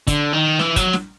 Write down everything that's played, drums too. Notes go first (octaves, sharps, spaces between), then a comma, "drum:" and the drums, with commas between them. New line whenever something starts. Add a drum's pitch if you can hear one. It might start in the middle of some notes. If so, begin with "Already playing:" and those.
D3, drum: kick, hi-hat
D#3
E3, drum: snare
F#3, drum: kick, hi-hat
drum: snare